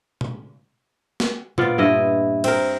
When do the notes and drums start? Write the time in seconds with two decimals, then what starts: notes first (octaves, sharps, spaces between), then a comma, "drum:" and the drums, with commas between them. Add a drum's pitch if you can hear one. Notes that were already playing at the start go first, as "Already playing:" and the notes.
0.21 drum: tom B2
1.20 drum: snare
1.58 A#2 B3 F4 D5, drum: tom B2
1.78 G2 E4 D#5
2.44 C4 A#4, drum: cymbal